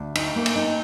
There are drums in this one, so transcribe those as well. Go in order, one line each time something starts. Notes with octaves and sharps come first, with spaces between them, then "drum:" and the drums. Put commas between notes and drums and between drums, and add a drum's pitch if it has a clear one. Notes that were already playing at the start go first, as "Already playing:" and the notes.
Already playing: D2
D#4, drum: cymbal
A#3
drum: cymbal
D#4